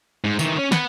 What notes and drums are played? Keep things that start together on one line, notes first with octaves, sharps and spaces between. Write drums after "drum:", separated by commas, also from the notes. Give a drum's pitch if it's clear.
G#2
D#3 E3, drum: tambourine
C#4
B4 F#5, drum: snare